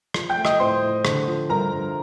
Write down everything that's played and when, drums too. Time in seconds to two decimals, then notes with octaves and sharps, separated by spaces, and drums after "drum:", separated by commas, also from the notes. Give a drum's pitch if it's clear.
0.14 F3, drum: rim click
0.29 G5 G6
0.37 A3
0.45 D#5 D#6, drum: rim click
0.60 A2 C5 C6
0.82 A2
1.05 D3, drum: rim click
1.27 F3
1.50 G2 A#4 A#5
1.72 G2